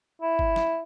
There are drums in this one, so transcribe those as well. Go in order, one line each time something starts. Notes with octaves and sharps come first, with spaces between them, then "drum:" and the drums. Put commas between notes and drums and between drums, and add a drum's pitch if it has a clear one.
E4
drum: kick
drum: snare